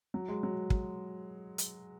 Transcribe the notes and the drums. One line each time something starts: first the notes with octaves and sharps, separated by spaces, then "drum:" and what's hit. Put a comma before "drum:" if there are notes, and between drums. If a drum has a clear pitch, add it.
F#3
G#3
F#3
drum: kick
drum: hi-hat